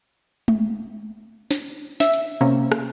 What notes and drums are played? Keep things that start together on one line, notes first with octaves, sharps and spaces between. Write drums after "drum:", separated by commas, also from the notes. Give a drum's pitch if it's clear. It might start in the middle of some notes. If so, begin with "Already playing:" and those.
drum: tom G#3
drum: snare
E5, drum: snare
drum: hi-hat
C3 A#3 C4 C#4
drum: rim click